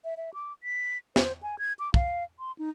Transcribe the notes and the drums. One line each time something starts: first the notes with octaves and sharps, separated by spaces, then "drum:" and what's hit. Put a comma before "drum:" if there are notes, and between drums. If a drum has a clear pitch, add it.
E5
E5
D6
B6
C5, drum: snare
G#5
G#6
D6
F5, drum: kick
C6
D#4